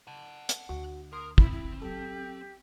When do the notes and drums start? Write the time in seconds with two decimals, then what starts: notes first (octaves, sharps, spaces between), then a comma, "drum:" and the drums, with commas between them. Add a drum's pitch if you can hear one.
0.07 F#5 A5
0.49 drum: hi-hat
0.69 D2 F#4
1.13 A#4 C6 D#6
1.38 C4 E4 B5, drum: kick
1.52 E4
1.82 F#3 G4 A4